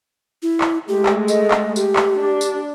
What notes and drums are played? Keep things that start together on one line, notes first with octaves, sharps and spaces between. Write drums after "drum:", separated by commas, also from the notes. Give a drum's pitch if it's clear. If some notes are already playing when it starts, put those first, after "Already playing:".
E4
drum: clap
G#3 A3 G4
drum: clap
D#5, drum: tambourine
drum: clap
G4, drum: tambourine
drum: clap
D4
drum: tambourine